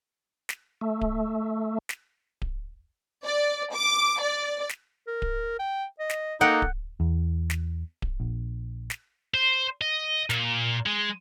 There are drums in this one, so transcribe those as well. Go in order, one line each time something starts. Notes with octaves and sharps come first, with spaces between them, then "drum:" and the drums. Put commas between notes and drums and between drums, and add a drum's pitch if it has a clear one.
drum: snare
A3
drum: kick D1
drum: snare
drum: kick D1
D5
D6
D5
drum: snare
A#4
drum: kick D1
G5
D#5
drum: snare
A#3 D#4 A4 F#5 G5
drum: kick D1
E2
drum: snare
drum: kick D1
A#1
drum: snare
C5
D#5
A#2, drum: snare
G#3